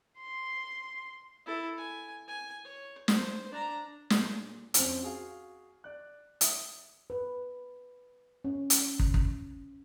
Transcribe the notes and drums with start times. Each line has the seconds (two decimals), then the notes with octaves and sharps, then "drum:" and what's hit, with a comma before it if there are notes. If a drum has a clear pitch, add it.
0.20 C6
1.46 E4 A4
1.77 G#5
2.28 G#5
2.65 C#5
3.08 C5, drum: snare
3.52 D4 A#5
4.10 A#2 G#3, drum: snare
4.74 F2 C4 C#4 F4 F6 F7, drum: hi-hat
5.03 F#4 G#4 F5
5.84 D5 F#6
6.41 E5 D#6, drum: hi-hat
7.10 B4
8.44 C#4
8.70 drum: hi-hat
8.99 drum: kick
9.14 drum: kick